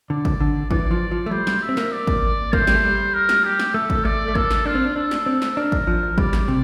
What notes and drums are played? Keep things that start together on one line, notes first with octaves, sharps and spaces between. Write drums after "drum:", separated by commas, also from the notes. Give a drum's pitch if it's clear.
D3 D5
drum: kick G#1
D3
E3 D5, drum: kick G#1
F3
F3
A3
G3 C5
G3, drum: snare
E5
C4
A#3, drum: snare
D5
drum: kick G#1
A#3 C5, drum: kick G#1
A3
G3, drum: snare
A3
G3
A#4
drum: snare
G4
drum: snare
A3 A4
drum: kick G#1
A3 D5
A3
A#3 A4, drum: kick G#1
drum: snare
D4 F4
C4
D4
D4 A4
drum: snare
C4
drum: snare
D4 A#4
drum: kick G#1
F3
G3 D5, drum: kick G#1
drum: snare
C3